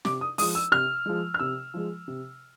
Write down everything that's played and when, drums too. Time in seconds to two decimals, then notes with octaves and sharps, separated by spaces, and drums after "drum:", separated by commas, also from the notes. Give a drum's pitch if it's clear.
0.05 C3 D6, drum: snare
0.21 D#6
0.38 F3 G#3 D#6, drum: open hi-hat
0.55 E6
0.71 C3 F6
1.06 F3 G#3
1.34 F6
1.39 C3 E6
1.74 F3 G#3
2.08 C3